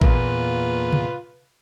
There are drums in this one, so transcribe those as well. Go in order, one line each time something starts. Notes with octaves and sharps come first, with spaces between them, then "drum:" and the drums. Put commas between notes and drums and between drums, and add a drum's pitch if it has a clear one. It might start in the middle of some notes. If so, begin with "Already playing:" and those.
E2 A#2 A#3 F4 B4, drum: kick
drum: tom C3